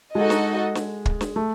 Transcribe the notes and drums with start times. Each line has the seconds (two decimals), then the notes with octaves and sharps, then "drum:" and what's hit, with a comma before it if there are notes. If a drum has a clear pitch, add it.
0.15 G#3 D#4 F#4 A4 D#5
0.30 drum: snare
0.75 drum: snare
1.06 drum: kick
1.21 drum: snare
1.36 A3